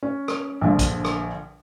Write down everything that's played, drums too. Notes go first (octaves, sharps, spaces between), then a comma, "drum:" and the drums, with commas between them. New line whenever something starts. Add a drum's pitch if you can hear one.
C#4
drum: rim click
A#1 D3 F3
drum: kick, hi-hat
drum: rim click